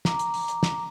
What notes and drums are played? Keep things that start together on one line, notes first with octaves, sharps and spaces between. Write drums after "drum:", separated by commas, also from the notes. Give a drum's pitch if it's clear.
A#5 D6, drum: snare
drum: hi-hat
drum: open hi-hat
drum: hi-hat
drum: snare